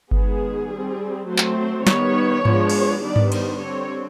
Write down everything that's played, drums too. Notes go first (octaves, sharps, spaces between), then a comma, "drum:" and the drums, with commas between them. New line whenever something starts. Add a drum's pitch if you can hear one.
D#3 G#3 B3 G#4, drum: kick G1
G3 C4
F#3 A3 C4 C5
drum: clap
D#3 G3 B3 C#5, drum: snare
F3 G#3 B3 D4, drum: tom G#2
drum: cymbal
D#3 G3 B3 D4 D5
drum: tom G#2
C5, drum: cymbal
D3 G3 C4 C#5